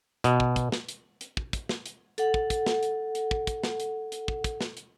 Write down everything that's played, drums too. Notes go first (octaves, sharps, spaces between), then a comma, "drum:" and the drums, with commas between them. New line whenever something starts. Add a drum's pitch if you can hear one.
B2, drum: hi-hat
drum: kick
drum: kick, hi-hat
drum: snare
drum: hi-hat
drum: hi-hat
drum: kick
drum: kick, hi-hat
drum: snare
drum: hi-hat
A4 F#5, drum: hi-hat
drum: kick
drum: kick, hi-hat
drum: snare
drum: hi-hat
drum: hi-hat
drum: kick
drum: kick, hi-hat
drum: snare
drum: hi-hat
drum: hi-hat
drum: kick
drum: kick, hi-hat
drum: snare
drum: hi-hat